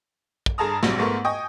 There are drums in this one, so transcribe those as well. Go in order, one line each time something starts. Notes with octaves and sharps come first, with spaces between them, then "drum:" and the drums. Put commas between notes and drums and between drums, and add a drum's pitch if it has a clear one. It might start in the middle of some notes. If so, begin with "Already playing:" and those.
drum: kick
G2 G#4 A4 A5 A#5 D#6
A#1 G#2 C3 F#3 G3, drum: snare
G#2 A3 B3 A#4 C6 C#6
D#5 G5 G#5 C#6 D#6